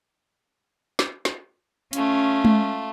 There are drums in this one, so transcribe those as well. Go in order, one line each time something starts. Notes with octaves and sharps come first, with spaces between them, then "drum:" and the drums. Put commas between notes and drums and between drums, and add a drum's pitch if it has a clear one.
drum: snare
drum: snare
A3 C#4 F4, drum: hi-hat
drum: tom G#3